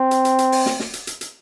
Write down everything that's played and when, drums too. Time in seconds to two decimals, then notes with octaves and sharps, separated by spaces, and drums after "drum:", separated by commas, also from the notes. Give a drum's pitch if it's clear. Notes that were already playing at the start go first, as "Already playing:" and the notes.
Already playing: C4
0.11 drum: hi-hat
0.25 drum: hi-hat
0.38 drum: hi-hat
0.52 drum: open hi-hat
0.66 drum: snare
0.80 drum: snare
0.93 drum: hi-hat
1.07 drum: hi-hat
1.21 drum: hi-hat